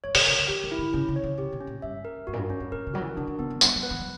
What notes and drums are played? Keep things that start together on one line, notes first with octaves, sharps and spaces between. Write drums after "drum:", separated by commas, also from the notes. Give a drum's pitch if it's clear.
G2 C#5
B2, drum: open hi-hat
C#3 A#4
D3
E3 G4
F#3
E4
D3
C#3 C#4
C#3
C#5
D3
C#3 G4
B2
C#4
A#2
G2 E5
A#4
G2 F#4
A#2
G2
F#2 C#4
G2
A#2 A#4
C#3
F#3 F#4
E3
C#3 D4
D3
E3 B3
F#3
G3 F#5, drum: tambourine
F#3
B4
E3
F#3